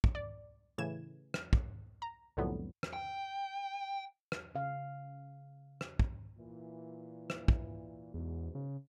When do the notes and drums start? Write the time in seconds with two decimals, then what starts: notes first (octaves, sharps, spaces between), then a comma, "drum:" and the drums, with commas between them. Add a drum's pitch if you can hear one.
0.04 drum: kick
0.15 D5
0.78 A2 C#3 E3 G#6 E7
1.34 drum: rim click
1.53 drum: kick
2.02 A#5
2.37 C2 F2 A2 D3 F#3 B3
2.83 drum: rim click
2.93 G5
4.32 drum: rim click
4.55 C#3 F5
5.81 drum: rim click
5.99 drum: kick
6.37 A#2 E3
7.30 drum: rim click
7.48 drum: kick
8.14 E2 G#2 B2
8.55 C#3